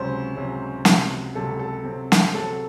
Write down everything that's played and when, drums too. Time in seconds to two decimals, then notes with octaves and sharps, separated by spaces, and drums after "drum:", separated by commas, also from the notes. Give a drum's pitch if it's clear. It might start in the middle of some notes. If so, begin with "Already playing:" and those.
Already playing: C#2 C3 F#3 C#4 C5
0.36 C#2 C3 F#3 C#4
0.85 C#2 C3 F#3, drum: snare
1.35 C#2 C3 F#3 A4
1.59 A4
1.84 C3 F#3 C4
2.12 drum: snare
2.34 C3 F#3 C4 A4